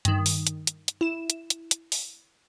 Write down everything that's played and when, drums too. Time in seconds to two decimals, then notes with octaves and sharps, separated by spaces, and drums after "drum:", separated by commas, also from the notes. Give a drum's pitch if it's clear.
0.05 G2 D#3, drum: hi-hat
0.26 drum: open hi-hat
0.47 drum: hi-hat
0.67 drum: hi-hat
0.88 drum: hi-hat
1.01 E4 E7
1.30 drum: hi-hat
1.50 drum: hi-hat
1.71 drum: hi-hat
1.92 drum: open hi-hat